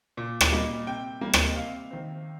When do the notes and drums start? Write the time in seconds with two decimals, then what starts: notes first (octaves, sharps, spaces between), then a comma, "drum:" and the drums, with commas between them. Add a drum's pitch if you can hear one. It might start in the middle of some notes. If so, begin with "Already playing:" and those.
0.17 A#2
0.41 drum: rim click
0.52 G3 A#3 D#4
0.87 C3 G5
1.21 G3 A#3
1.33 C5, drum: rim click
1.45 D#5
1.56 C3 F5
1.91 D#3 C4